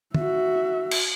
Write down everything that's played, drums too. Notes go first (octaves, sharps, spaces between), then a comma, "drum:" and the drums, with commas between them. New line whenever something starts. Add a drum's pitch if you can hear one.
F#4 E5, drum: tom
drum: cymbal